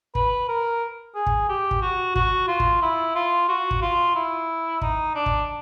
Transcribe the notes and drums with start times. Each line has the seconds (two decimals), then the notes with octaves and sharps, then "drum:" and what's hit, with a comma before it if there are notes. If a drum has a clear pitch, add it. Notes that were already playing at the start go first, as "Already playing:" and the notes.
0.15 B4, drum: kick
0.49 A#4
1.15 G#4
1.27 drum: kick
1.49 G4
1.71 drum: kick
1.82 F#4
2.16 F#4, drum: kick
2.48 F4
2.60 drum: kick
2.82 E4
3.15 F4
3.49 F#4
3.71 drum: kick
3.82 F4
4.15 E4
4.82 D#4, drum: kick
5.15 D4
5.26 drum: kick